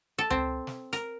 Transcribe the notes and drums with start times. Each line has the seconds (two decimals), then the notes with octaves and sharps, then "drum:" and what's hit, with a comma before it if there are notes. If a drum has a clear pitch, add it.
0.19 A4
0.30 C4, drum: tom C#2
0.67 drum: snare
0.93 A#4, drum: hi-hat